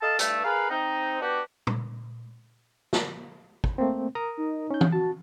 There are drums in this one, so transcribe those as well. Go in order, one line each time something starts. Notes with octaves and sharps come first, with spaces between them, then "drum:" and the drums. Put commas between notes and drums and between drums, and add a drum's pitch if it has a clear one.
A4 D#5 F5 A5
G2 A3, drum: hi-hat
G#4 A#4 B4 F5
C4 D#4
B3 D4 F#4 G4
drum: tom
drum: snare
drum: kick
A3 A#3 C4
A#4 A#5 D#6
D#4
C#4 G6
drum: tom E3
F#4 A5